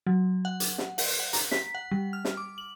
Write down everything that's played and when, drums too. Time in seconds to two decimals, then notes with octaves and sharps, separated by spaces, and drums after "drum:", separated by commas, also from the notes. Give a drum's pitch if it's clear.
0.07 F#3
0.45 F#5
0.60 drum: hi-hat
0.78 drum: snare
0.98 F#5, drum: open hi-hat
1.20 F#5
1.33 A#5, drum: hi-hat
1.51 B6, drum: snare
1.75 F#5
1.91 G3
2.13 F6
2.25 drum: snare
2.37 D6
2.58 F#7